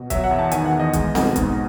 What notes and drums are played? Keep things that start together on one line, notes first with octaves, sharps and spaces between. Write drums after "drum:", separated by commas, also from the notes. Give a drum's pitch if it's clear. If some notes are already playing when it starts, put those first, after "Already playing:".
Already playing: B2
F#3 E5, drum: kick, hi-hat
F#5
E2
A5
D#3 G#5, drum: hi-hat
F#5
E2
D#5
G#3, drum: kick, hi-hat
B2, drum: snare C4
G#2, drum: kick, hi-hat